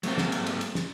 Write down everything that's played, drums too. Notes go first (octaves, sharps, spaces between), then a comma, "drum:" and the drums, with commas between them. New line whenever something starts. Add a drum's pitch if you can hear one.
F#3 A3 A#3 C4 G4, drum: cymbal
drum: snare
drum: cymbal
drum: cymbal
drum: cymbal
drum: snare